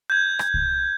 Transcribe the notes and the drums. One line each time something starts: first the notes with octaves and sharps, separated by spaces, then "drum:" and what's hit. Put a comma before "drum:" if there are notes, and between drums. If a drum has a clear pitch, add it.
G6 G#6
drum: rim click
drum: kick C2